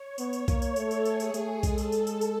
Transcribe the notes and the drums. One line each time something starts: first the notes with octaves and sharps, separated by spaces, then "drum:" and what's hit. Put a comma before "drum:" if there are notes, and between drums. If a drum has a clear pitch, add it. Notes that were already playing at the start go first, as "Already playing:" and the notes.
Already playing: C#5
B3 C#5, drum: tambourine
drum: tambourine
A#3, drum: kick, tambourine
drum: tambourine
A3 A4, drum: tambourine
drum: tambourine
G#4, drum: tambourine
drum: tambourine
A3, drum: tambourine
G#3 A4, drum: kick, tambourine
drum: tambourine
drum: tambourine
drum: tambourine
drum: tambourine